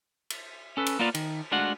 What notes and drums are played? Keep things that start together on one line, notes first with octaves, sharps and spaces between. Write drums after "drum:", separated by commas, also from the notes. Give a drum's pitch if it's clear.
drum: cymbal
C#4 A4 B4
drum: cymbal
A#3 B3 F4 D5 F5
D#3, drum: cymbal
G#3 A3 D4 F4 F#4 F#5